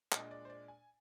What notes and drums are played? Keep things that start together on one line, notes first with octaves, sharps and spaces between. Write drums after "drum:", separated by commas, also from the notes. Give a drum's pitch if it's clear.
A#2 G#3 D4 D#5, drum: clap
D5
C5
D5
G#5